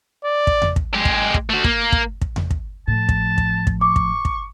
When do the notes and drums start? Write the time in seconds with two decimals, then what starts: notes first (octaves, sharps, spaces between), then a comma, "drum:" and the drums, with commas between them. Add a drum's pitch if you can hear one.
0.25 D5
0.47 drum: kick
0.62 drum: tom E2
0.76 drum: kick
0.94 G#3 G4
1.05 drum: kick
1.34 drum: kick
1.50 A3 F#4
1.64 A#3, drum: kick
1.92 drum: kick
2.22 drum: kick
2.36 drum: tom E2
2.51 drum: kick
2.88 A2 F3 A5
3.09 drum: kick
3.38 drum: kick
3.67 drum: kick
3.81 C#6 D6
3.96 drum: kick
4.25 drum: kick